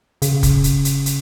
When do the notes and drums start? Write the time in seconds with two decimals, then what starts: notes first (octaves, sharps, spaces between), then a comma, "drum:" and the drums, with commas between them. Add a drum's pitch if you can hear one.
0.22 C#3, drum: hi-hat
0.43 drum: kick, hi-hat
0.64 drum: hi-hat
0.85 drum: hi-hat
1.06 drum: hi-hat